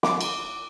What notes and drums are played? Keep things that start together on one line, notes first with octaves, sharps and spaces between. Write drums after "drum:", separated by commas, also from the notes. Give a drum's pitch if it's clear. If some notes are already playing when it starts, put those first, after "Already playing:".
D6, drum: snare
drum: cymbal